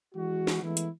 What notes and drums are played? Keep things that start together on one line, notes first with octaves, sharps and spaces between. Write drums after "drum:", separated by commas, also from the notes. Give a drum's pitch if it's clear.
E3 G#3 F#4
drum: snare
E3 G#3 A3 B3 E4
drum: hi-hat